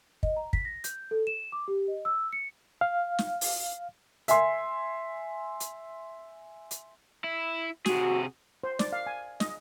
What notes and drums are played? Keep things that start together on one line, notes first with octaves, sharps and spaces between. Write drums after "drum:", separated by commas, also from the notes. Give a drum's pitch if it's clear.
D#5, drum: kick
A#5
B6, drum: kick
A#6
G6, drum: hi-hat
A4
E7
D6
G4
D#5
E6
C#7
F5
drum: snare
drum: open hi-hat
E5 G#5 C6, drum: hi-hat
drum: hi-hat
drum: hi-hat
E4
C3 F#4 G#4, drum: snare
C5
D5, drum: snare
F5
G#5
D#5, drum: snare